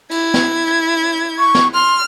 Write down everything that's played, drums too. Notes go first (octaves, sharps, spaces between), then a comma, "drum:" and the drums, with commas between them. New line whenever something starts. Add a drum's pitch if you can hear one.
E4 G#6, drum: cymbal
drum: snare
C#6
drum: snare
C6 F6